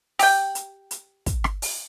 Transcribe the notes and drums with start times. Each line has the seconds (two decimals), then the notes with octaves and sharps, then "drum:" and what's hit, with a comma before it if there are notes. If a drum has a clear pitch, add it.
0.19 G4 G5, drum: open hi-hat
0.55 drum: hi-hat
0.91 drum: hi-hat
1.26 drum: kick, hi-hat
1.44 drum: rim click
1.62 drum: open hi-hat